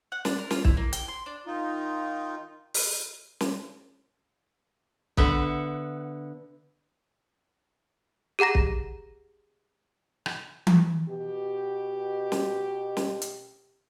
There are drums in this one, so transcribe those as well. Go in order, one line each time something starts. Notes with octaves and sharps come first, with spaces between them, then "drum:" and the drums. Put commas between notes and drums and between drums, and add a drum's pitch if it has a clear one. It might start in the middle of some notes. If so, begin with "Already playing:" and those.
F#5
D4, drum: snare
A#4
F4, drum: snare
E4, drum: kick
A#3
G5, drum: hi-hat
C6
D4
D#3 D#4 F4
drum: open hi-hat
drum: snare
D3 B3 E5 F#5, drum: kick
G4 G#4 F#5 A#5 A#6
drum: kick
drum: rim click
drum: tom E3
B2 G4
drum: snare
drum: snare
drum: hi-hat